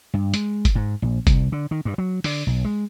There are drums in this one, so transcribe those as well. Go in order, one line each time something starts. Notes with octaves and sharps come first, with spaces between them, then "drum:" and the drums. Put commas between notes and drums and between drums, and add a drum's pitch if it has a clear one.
G2
G#3, drum: hi-hat
drum: kick F#1, hi-hat
G#2
A#1
C2, drum: kick F#1, hi-hat
D3
D#3
G2
F#3
D3, drum: open hi-hat
B1
G#3